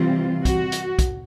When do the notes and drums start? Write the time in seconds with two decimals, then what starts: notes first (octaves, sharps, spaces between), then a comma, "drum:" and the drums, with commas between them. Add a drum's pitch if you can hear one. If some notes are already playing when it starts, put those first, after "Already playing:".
Already playing: C3 E3 G3 C4 F4
0.45 F#4, drum: kick, hi-hat
0.72 drum: hi-hat
0.99 drum: kick, hi-hat